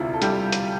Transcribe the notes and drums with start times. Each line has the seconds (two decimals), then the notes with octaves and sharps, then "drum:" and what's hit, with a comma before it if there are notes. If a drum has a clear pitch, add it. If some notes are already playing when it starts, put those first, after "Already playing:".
Already playing: E1 D2 C3 E4 F4
0.13 A4
0.22 G3 G4, drum: hi-hat
0.52 drum: hi-hat